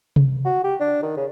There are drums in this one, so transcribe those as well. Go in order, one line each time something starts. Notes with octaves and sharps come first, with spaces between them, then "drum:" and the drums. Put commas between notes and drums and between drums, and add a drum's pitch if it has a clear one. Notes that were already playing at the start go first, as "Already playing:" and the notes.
drum: tom C3
F#4
G4
D4
D#3
C#3